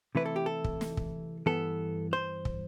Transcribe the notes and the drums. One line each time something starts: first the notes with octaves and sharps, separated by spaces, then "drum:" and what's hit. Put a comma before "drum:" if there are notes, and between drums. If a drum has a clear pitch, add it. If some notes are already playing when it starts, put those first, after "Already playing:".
C3 E3 A3 E4 B4
A4
G4
A4
drum: kick
drum: snare
drum: kick
G2 E3 B3 A4
C5
drum: kick